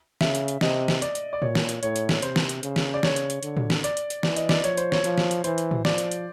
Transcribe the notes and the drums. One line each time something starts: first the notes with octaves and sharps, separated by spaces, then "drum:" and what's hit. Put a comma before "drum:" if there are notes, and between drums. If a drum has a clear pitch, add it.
C#3 E5, drum: snare
drum: hi-hat
drum: hi-hat
C3 D#5, drum: snare
drum: snare
D5, drum: hi-hat
drum: hi-hat
D5
A#2 C#5, drum: tom A2
drum: snare
drum: hi-hat
A2 C#5, drum: hi-hat
drum: hi-hat
drum: snare
C3 C5, drum: hi-hat
drum: snare
drum: hi-hat
C#3, drum: hi-hat
drum: snare
D5
C#3 C#5, drum: snare
drum: hi-hat
drum: hi-hat
D3, drum: hi-hat
drum: tom A2
drum: snare
D5, drum: hi-hat
drum: hi-hat
drum: hi-hat
E3 D5, drum: snare
D#5, drum: hi-hat
D5, drum: snare
F3 C#5, drum: hi-hat
C5, drum: hi-hat
C#5, drum: snare
F3, drum: hi-hat
drum: snare
drum: hi-hat
E3 C5, drum: hi-hat
drum: hi-hat
drum: tom A2
F3 D5, drum: snare
drum: hi-hat
drum: hi-hat